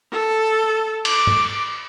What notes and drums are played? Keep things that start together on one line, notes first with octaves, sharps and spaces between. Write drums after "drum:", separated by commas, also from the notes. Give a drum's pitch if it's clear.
A4
D6, drum: cymbal
drum: tom G2